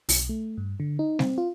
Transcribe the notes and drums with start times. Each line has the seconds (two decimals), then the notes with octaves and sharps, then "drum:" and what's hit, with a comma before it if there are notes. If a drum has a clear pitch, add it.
0.09 B1, drum: open hi-hat
0.29 A3
0.58 G2
0.80 D3
0.99 D#4
1.19 C4, drum: snare G3
1.38 F4